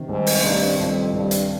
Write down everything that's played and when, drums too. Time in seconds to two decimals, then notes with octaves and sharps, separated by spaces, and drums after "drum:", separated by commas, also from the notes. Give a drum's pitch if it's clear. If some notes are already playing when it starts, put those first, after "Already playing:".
Already playing: C3 D#3
0.09 C2 G#2
0.27 drum: open hi-hat
0.44 G2 C3
0.78 C2 F2
1.13 C2 G2
1.31 drum: hi-hat